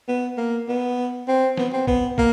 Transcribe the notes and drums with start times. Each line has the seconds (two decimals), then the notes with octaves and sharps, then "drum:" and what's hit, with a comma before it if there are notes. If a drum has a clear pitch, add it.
0.08 B3
0.38 A#3
0.68 B3
1.28 C4
1.57 B3, drum: snare
1.73 C4
1.87 B3, drum: kick
2.18 A#3, drum: kick